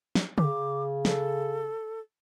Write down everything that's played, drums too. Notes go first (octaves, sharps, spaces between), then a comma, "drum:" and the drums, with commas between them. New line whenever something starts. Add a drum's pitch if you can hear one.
drum: snare
C#3 D6, drum: tom C#3
A4, drum: snare